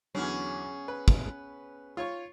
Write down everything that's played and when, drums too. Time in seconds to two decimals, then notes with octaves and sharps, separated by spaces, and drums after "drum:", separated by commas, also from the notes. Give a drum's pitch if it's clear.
0.15 E2 D3 F#3 B3 C#4 G#4
0.88 B4
1.08 drum: kick
1.97 F4 C#5 C#6